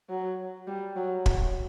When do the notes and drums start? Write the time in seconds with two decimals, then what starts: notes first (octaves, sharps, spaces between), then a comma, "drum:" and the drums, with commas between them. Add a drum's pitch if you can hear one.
0.09 F#3
0.67 G3
0.96 F#3
1.26 F#3, drum: kick